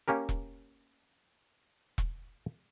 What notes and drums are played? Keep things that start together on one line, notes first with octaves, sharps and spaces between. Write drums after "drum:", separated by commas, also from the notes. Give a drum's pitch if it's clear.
A#3 C#4 G4 A#4
drum: kick E1
drum: kick E1